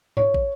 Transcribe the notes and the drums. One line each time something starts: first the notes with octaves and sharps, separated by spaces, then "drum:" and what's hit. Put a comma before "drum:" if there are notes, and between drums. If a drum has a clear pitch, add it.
C#5, drum: tom G#2
drum: kick